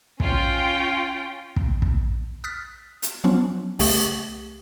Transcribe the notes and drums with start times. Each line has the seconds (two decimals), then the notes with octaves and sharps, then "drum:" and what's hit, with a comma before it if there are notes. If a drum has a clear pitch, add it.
0.20 C#4 F4 G5, drum: kick
1.56 drum: kick
1.82 drum: kick
2.44 D#6 F6 F#6 A6 B6
3.02 drum: hi-hat
3.24 F3 F#3 B3 C#4 D4 F4
3.79 C2 C#3 A3 G4 C#6, drum: open hi-hat